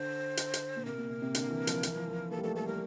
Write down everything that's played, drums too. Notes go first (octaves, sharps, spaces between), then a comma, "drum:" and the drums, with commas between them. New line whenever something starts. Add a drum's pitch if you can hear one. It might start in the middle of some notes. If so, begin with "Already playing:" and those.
Already playing: D3 C5
drum: hi-hat
drum: hi-hat
A#2
C3 A#4
A#2
C3
C3
D3, drum: hi-hat
E3
F3, drum: hi-hat
E3, drum: hi-hat
F3
F3
A#3 A4
G3
A3 A4
A3 A4
G3 A#4